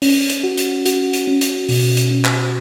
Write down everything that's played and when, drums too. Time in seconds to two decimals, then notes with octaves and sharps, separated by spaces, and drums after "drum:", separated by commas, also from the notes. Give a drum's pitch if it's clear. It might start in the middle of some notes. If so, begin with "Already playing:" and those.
0.02 C#4, drum: open hi-hat
0.30 drum: hi-hat
0.43 F#4
0.57 drum: hi-hat
0.86 F#4, drum: hi-hat
1.13 drum: hi-hat
1.27 C#4
1.41 drum: hi-hat
1.69 B2, drum: open hi-hat
1.97 drum: hi-hat
2.11 C#4
2.25 drum: clap